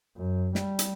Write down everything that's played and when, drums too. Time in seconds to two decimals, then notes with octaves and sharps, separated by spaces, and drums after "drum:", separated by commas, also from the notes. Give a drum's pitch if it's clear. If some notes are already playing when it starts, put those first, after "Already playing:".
0.16 F#2
0.55 G3, drum: snare
0.79 drum: hi-hat